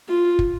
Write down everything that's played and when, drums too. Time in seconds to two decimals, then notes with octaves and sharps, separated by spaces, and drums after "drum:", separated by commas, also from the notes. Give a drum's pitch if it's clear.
0.08 F4
0.39 drum: kick